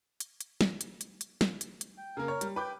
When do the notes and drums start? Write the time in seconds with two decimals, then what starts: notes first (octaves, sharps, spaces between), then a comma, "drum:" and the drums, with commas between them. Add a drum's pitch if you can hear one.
0.20 drum: hi-hat
0.41 drum: hi-hat
0.61 drum: snare
0.81 drum: hi-hat
1.01 drum: hi-hat
1.21 drum: hi-hat
1.41 drum: snare
1.61 drum: hi-hat
1.81 drum: hi-hat
1.98 G5
2.17 C#3 A#3 A#4
2.28 C#5
2.41 G3, drum: hi-hat
2.56 B4 G5 D6 G6